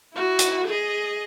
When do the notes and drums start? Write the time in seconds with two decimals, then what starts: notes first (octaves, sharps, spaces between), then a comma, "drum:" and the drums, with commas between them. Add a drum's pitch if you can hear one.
0.14 E4 F#4
0.39 drum: hi-hat
0.67 G#4 D#5